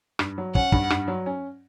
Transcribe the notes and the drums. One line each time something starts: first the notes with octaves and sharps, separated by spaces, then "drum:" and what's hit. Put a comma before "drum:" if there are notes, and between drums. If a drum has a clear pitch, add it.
G2, drum: rim click
F#3
C#4 F#5, drum: kick
G2, drum: kick
G2, drum: rim click
F#3
C#4